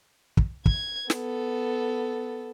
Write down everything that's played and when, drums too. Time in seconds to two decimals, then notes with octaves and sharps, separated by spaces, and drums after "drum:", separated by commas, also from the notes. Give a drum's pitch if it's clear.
0.37 drum: kick
0.66 G#6, drum: kick
1.10 B3 A4, drum: snare